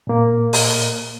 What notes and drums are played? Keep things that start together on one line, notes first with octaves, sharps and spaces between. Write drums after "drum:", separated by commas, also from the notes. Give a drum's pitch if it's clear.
A#2 A#3
drum: open hi-hat